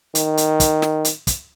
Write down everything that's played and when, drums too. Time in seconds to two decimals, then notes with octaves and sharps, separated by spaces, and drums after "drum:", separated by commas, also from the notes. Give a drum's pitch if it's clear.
0.15 D#3, drum: hi-hat
0.37 drum: hi-hat
0.60 drum: kick, hi-hat
0.82 drum: snare
1.05 drum: hi-hat
1.27 drum: kick, hi-hat